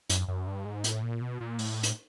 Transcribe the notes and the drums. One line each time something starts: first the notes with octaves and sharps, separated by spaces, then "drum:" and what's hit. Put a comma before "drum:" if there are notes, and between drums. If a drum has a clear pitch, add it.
F#2, drum: hi-hat
F#2
G2
G#2
A2, drum: hi-hat
A#2
B2
A#2
A2, drum: open hi-hat
drum: hi-hat